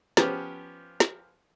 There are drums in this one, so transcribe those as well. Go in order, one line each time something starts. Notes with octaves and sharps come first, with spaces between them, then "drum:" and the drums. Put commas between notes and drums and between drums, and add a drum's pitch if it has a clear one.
F3 B3 C#4 G4, drum: snare
drum: snare